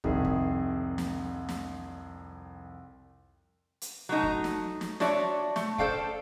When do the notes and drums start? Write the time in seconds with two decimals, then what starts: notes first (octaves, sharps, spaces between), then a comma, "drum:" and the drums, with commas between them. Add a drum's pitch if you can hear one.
0.04 C2 F2 D#3 G#4 E5, drum: kick
0.25 drum: kick
0.98 drum: snare
1.49 drum: snare
3.81 drum: hi-hat
4.09 F#3 A3 D#4
4.23 drum: kick
4.44 drum: snare
4.81 drum: snare
5.00 D4 F4 F#4 C#5 D5 E5, drum: snare
5.56 A3, drum: snare
5.78 A4 C5 D5 F5 G5, drum: kick